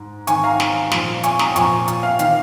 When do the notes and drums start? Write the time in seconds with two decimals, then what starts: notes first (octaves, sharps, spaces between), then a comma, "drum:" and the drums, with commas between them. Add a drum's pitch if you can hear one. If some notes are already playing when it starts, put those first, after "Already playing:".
Already playing: G#2
0.27 G#2 D#3 G#5 C#6, drum: hi-hat
0.44 F5 A#5
0.60 drum: snare
0.92 A#2 F3, drum: snare
1.23 G#5 C#6, drum: hi-hat
1.39 A#5 D#6, drum: snare
1.56 A#2 F3 G#5 C#6, drum: hi-hat
1.88 drum: hi-hat
2.03 F5
2.19 D#3 F5, drum: hi-hat